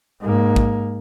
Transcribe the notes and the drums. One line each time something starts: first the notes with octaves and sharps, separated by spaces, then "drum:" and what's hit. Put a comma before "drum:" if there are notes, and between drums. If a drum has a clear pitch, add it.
G#2 A#3
drum: kick